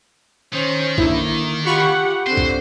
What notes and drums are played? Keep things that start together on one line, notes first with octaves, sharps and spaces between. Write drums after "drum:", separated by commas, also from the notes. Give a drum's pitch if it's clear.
D#3 C#4 C5
D3 A#3 E4, drum: kick
F4 G4 F#5 B5 C#6
D3 C4 C5
drum: kick